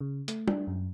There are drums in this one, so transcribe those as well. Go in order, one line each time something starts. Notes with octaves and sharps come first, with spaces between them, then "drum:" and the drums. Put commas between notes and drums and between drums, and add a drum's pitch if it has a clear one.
C#3
A3, drum: hi-hat
D4, drum: tom
F#2